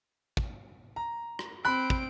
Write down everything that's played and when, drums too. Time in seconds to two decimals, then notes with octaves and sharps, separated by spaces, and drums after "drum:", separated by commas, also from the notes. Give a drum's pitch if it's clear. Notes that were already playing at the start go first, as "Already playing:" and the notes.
0.37 drum: kick
0.96 A#5
1.39 drum: rim click
1.65 C4 B5 F#6 D7
1.90 drum: kick